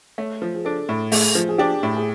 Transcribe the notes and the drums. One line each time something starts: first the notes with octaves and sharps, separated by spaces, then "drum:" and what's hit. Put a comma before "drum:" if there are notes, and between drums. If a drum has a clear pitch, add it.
A3 C#5
F3
G#4
D4 A4
A2
A3 G#4, drum: open hi-hat
F3
G#4
D4 G4
A2
G#4